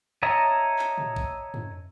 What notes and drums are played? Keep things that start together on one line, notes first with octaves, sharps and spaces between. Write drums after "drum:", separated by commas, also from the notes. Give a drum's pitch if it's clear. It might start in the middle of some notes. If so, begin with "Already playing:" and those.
C#5 D#5 E5 A5 A#5
drum: clap
drum: tom
drum: kick A1
drum: tom